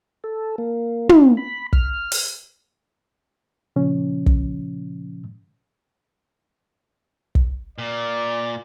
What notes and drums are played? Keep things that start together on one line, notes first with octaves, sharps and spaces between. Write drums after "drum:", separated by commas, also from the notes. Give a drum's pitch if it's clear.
A4
A#3
drum: tom
B5
F6, drum: kick
drum: open hi-hat
A#2 C#3 F3 C#4
drum: kick
drum: kick
A#2 D5